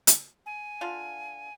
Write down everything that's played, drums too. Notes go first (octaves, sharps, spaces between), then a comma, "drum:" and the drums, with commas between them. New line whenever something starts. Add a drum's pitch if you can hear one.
drum: hi-hat
G#5
D3 F4 F5